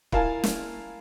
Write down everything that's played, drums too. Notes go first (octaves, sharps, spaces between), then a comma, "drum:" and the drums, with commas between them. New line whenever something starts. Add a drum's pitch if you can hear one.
E4 F4 A#4 F5 G#5 A5, drum: kick
drum: snare